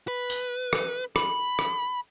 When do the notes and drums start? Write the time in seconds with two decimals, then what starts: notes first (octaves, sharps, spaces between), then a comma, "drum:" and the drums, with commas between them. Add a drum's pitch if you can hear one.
0.08 B4
0.30 drum: tambourine
0.73 drum: rim click
1.16 B5, drum: rim click
1.59 drum: rim click